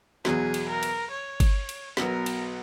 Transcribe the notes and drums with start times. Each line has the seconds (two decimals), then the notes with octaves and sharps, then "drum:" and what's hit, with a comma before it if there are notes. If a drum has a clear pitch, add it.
0.25 E2 B2 F#3 G#4, drum: snare
0.54 drum: cymbal
0.68 A#4
0.83 drum: cymbal
1.11 C#5
1.40 drum: kick G1, cymbal
1.69 drum: cymbal
1.97 B1 B2 F#3 B3 A#4, drum: snare
2.26 drum: cymbal